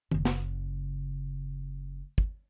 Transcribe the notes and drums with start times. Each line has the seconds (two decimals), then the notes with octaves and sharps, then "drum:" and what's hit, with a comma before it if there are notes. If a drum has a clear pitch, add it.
0.12 F#1 C#3, drum: tom D#3
0.25 drum: snare
2.18 drum: kick